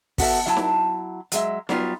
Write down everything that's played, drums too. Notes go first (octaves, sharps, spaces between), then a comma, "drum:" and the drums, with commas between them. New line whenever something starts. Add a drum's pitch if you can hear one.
B3 F#4 A4 E5, drum: kick, open hi-hat
F#3 E4 A5
drum: snare D#4
F#3 G#3 E5, drum: hi-hat
F#3 G3 B3 F4, drum: snare D#4